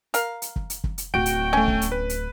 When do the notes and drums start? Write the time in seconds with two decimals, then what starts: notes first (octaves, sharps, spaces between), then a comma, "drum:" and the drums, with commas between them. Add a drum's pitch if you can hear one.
0.14 A#4 F5, drum: hi-hat
0.42 drum: hi-hat
0.56 drum: kick
0.70 drum: hi-hat
0.84 drum: kick
0.98 drum: hi-hat
1.14 D1 F#4 G5 D7
1.26 drum: hi-hat
1.53 A3 C#4 G#5
1.68 drum: kick
1.82 drum: hi-hat
1.92 B4
2.09 drum: hi-hat